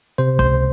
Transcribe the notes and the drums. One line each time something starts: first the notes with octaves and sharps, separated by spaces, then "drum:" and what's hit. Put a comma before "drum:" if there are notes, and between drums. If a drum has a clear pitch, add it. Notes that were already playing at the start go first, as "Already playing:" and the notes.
C3 C5
C#2 C5, drum: kick